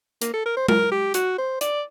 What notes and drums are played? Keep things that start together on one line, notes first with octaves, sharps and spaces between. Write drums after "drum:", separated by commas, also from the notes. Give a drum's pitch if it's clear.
A#3, drum: hi-hat
A4
A#4
C5
A#4, drum: tom G#3
G4
F#4, drum: hi-hat
C5
D5, drum: hi-hat